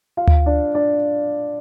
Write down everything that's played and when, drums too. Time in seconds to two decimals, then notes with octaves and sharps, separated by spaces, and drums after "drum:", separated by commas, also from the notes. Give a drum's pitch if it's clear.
0.17 F4 F5
0.27 drum: tom D2
0.46 D4 D5
0.75 D4 D5